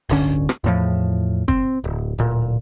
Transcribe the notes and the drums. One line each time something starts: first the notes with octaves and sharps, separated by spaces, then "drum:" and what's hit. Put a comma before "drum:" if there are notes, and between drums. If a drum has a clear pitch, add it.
D1 G1 D3 C#4, drum: open hi-hat
drum: rim click
E2 A2 F3
C4, drum: kick
D1
D1 A#2